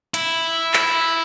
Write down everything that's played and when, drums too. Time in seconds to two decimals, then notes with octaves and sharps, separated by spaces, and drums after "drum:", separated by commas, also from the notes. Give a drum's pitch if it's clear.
0.14 E4, drum: hi-hat
0.73 drum: clap